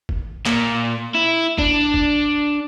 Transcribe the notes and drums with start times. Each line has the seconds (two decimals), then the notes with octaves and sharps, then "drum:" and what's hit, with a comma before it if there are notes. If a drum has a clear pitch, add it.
0.09 drum: kick
0.46 A#2, drum: clap
1.14 E4
1.58 D4, drum: kick
1.94 drum: kick